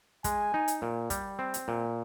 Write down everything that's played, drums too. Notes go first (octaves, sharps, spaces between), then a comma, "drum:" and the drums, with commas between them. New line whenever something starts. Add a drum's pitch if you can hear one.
G#3 G#5, drum: kick, hi-hat
D#4
drum: hi-hat
A#2
G3, drum: kick, hi-hat
C4
drum: hi-hat
A#2